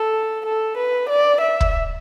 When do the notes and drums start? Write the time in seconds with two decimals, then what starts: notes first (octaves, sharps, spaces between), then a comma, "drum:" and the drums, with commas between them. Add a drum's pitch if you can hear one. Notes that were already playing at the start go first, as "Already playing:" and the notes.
Already playing: A4
0.46 A4
0.77 B4
1.09 D5
1.41 E5
1.61 drum: kick